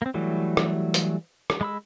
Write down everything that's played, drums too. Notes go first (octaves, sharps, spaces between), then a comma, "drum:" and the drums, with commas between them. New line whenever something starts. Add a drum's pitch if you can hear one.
A#3 C4
E3 F#3 G3 A3
drum: rim click
drum: hi-hat
drum: rim click
G#3 B5 E6